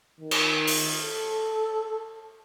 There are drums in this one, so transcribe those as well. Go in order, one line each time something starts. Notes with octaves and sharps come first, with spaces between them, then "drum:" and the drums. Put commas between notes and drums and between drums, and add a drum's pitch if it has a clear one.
D#3
drum: cymbal
drum: open hi-hat
A4